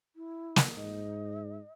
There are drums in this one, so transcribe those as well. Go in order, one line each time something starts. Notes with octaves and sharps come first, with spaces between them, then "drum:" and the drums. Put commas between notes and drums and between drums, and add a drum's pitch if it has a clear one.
E4
drum: snare
G#2 D#5